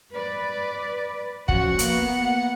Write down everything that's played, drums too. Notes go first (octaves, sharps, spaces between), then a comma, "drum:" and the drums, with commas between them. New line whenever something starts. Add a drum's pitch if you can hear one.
B4 D5
F3 C#4 F#4 F#5, drum: kick
A#3 B3, drum: hi-hat